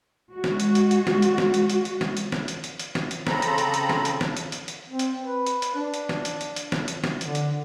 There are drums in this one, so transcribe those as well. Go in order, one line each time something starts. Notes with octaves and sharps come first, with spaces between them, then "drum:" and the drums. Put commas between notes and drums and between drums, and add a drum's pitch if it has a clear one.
G#3 F#4
drum: snare
drum: hi-hat
drum: hi-hat
drum: hi-hat
drum: snare
drum: hi-hat
drum: snare
drum: hi-hat
drum: hi-hat
drum: hi-hat
drum: snare
drum: hi-hat
drum: snare
drum: hi-hat
drum: hi-hat
drum: hi-hat
drum: snare
drum: hi-hat
C#3 C4 A4 A#5 B5, drum: snare
drum: hi-hat
drum: hi-hat
drum: hi-hat
drum: snare
drum: hi-hat
drum: snare
drum: hi-hat
drum: hi-hat
drum: hi-hat
C4
drum: hi-hat
B4
drum: hi-hat
drum: hi-hat
D4
drum: hi-hat
drum: snare
drum: hi-hat
drum: hi-hat
drum: hi-hat
drum: snare
drum: hi-hat
drum: snare
D3, drum: hi-hat
drum: hi-hat